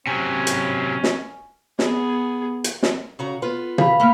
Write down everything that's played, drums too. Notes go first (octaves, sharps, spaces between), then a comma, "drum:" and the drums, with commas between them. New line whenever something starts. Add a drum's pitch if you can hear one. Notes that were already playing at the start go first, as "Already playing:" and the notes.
C3 F#3 C#4 G#5
drum: hi-hat
drum: snare
B3 G#4, drum: snare
drum: hi-hat
drum: snare
C#3 F#4 A#5
B3 F4 B4
F5 B5, drum: tom
A3 A#3 B5 F6